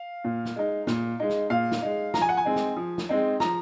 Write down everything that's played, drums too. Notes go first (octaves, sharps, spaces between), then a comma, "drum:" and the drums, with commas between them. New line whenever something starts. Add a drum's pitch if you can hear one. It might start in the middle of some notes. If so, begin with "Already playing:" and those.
Already playing: F5
A#2
drum: snare
G#3 D#4
A#2, drum: snare
G#3 D#4
drum: snare
A#2 F5
drum: snare
G#3 D#4
F3 A#5, drum: snare
G#5
F#5
G#5
G#3 C4 D#4
drum: snare
F3
drum: snare
G#3 C4 D#4
F3 A#5, drum: snare